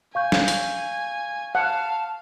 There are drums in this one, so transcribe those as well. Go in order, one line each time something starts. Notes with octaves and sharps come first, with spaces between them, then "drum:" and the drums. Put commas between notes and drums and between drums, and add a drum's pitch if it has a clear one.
F5 G#5 C#6 G6
drum: snare
drum: hi-hat
F5 F#5 A5